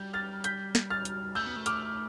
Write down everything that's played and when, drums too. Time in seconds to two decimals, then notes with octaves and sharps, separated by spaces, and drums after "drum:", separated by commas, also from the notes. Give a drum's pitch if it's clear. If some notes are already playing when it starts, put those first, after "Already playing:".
Already playing: G3 G6
0.13 F6 A6
0.44 G6 B6, drum: hi-hat
0.75 drum: snare
0.90 F6 A6
1.05 drum: hi-hat
1.35 A3 E6 G6
1.46 B3
1.56 A3
1.66 D6 F6, drum: hi-hat